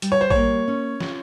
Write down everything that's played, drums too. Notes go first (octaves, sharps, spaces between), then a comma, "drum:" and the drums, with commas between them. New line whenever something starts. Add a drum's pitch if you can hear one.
G3, drum: hi-hat
C#5
C5
C#5, drum: kick A1
A#3
C#4
F4, drum: snare